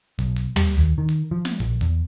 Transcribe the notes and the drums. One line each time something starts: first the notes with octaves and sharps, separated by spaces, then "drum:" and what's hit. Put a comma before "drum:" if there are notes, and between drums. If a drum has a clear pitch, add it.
B1, drum: hi-hat
drum: hi-hat
G3, drum: tom
D#2
D#3
drum: hi-hat
F3
drum: snare
A#1, drum: hi-hat
E2, drum: hi-hat